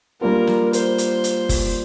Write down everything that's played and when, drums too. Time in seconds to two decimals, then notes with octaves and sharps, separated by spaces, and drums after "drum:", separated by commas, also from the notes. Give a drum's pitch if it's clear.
0.21 G3 A#3 D4 F4 A#4
0.47 drum: snare
0.73 C5, drum: hi-hat
0.98 drum: hi-hat
1.24 drum: hi-hat
1.49 drum: kick, open hi-hat